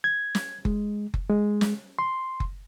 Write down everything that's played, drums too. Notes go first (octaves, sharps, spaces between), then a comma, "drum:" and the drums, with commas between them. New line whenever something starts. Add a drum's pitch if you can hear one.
G#6
drum: snare
G#3, drum: kick F#1
drum: kick F#1
G#3
drum: snare
C6
drum: kick F#1